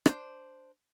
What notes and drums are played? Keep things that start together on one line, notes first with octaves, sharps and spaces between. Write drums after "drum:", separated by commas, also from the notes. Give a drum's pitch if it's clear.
D4 C5, drum: rim click